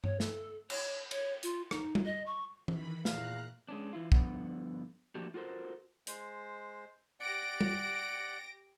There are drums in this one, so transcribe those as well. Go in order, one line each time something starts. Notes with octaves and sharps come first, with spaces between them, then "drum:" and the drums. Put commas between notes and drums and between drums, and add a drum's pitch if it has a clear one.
C#5, drum: tom G2
A4, drum: snare
C#5, drum: cymbal
C#5, drum: cymbal
F4, drum: hi-hat
D#4, drum: rim click
drum: tom G3
D#5
C#6
D#3 E3 B5, drum: tom E3
E2 A#2 F5 A#5 F#6, drum: snare
G#3 C#4 D4
E3 E4 F4
G2 D3 F3 B3 F#5, drum: kick
F3 A3 A#3 D4 F#4 G4
F4 F#4 A4 A#4 C5
G#3 C5, drum: hi-hat
G4 D5 F#5 A#6 D7
drum: tom G3